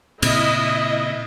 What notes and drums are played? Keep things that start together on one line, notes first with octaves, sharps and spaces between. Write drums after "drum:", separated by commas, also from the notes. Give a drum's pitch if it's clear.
A#2 C#3 C4 E4 D#5 E5, drum: cymbal